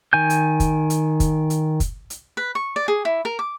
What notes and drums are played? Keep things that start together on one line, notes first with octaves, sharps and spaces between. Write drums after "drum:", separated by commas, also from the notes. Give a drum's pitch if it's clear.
D#3 G#5 G6
drum: hi-hat
drum: kick, hi-hat
drum: hi-hat
drum: kick, hi-hat
drum: hi-hat
drum: kick, hi-hat
drum: hi-hat
B4
C#6
D5
G#4
E4
A#4
D6